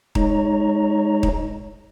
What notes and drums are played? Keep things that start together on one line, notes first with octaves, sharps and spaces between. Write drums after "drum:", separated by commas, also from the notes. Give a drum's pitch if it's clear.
G#3 D#4 C#5 A#5, drum: kick D#1
drum: kick D#1